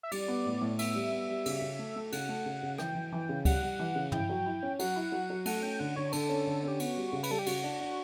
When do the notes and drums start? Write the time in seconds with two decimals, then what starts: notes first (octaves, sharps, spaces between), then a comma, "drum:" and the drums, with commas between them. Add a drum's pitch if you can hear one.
0.03 E5
0.12 G3 D5, drum: cymbal
0.28 B3
0.46 A2
0.61 A2
0.79 B3 E5, drum: cymbal
0.95 G3
1.12 B3
1.29 G3
1.46 C#3, drum: cymbal
1.61 C#3
1.79 A3
1.96 A3
2.12 C#3 F#5, drum: cymbal
2.29 A3
2.45 C#3
2.63 C#3
2.78 E3 G5, drum: rim click
2.95 E3
3.12 E3
3.29 C#3
3.45 G3 F#5, drum: kick C#2, cymbal
3.63 G3
3.79 E3
3.95 C#3
4.12 E4 G5, drum: tom
4.30 F#3
4.46 E4
4.63 C#4
4.79 F#3 F#5, drum: cymbal
4.96 E4
5.12 F#3
5.30 F#3
5.45 A3 F#5, drum: cymbal
5.62 C#4 G5
5.79 D3 F#5
5.96 D3 C#5
6.12 D3 A4, drum: cymbal
6.29 C#4
6.47 D3
6.63 C#4 G4
6.79 B3 F#4, drum: cymbal
6.97 G3
7.13 C#3
7.23 B4, drum: cymbal
7.30 G3 A4
7.39 G4
7.46 C#3 F#4, drum: cymbal
7.64 D4
7.80 D4